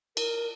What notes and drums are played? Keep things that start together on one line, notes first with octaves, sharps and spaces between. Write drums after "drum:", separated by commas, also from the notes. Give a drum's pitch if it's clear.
A#4, drum: cymbal